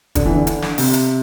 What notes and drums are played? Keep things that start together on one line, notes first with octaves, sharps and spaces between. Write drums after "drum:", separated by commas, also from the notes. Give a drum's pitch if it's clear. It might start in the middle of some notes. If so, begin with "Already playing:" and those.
D3, drum: kick, hi-hat
E3
D3
drum: hi-hat
drum: snare
C3, drum: open hi-hat
drum: hi-hat